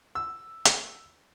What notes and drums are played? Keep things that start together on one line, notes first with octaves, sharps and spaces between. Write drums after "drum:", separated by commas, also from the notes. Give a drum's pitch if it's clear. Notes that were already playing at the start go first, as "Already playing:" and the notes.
E6
drum: hi-hat